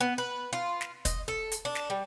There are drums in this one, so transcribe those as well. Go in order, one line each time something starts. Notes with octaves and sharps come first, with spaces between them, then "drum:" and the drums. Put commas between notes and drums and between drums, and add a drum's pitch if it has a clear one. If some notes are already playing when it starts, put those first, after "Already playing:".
B3
B4
F4
drum: snare
D#5, drum: kick, hi-hat
A4
drum: hi-hat
D4
drum: snare
G3